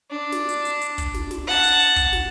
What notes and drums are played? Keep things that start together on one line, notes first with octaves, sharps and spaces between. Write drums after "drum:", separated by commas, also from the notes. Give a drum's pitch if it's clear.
D4
drum: snare
drum: hi-hat
drum: hi-hat
drum: hi-hat
drum: kick, hi-hat
drum: snare
drum: snare
F#5 A5
drum: hi-hat
drum: hi-hat
drum: kick, hi-hat
drum: snare